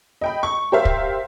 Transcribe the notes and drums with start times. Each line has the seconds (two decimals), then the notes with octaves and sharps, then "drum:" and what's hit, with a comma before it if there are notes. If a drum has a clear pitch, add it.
0.21 D#5 G5 B5
0.43 C#6
0.72 G4 A#4 C5 E5 F5
0.85 drum: kick